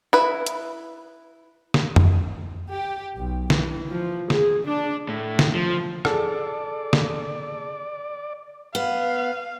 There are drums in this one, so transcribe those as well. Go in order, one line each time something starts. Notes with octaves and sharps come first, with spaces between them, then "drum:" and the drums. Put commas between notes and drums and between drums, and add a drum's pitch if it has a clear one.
E4 B4
drum: hi-hat
drum: snare
drum: tom F2
G4
B1
E3, drum: snare
F3
G#4, drum: snare
D4
A2
drum: snare
F3
G#4 A4 D5, drum: rim click
drum: snare
B3 F5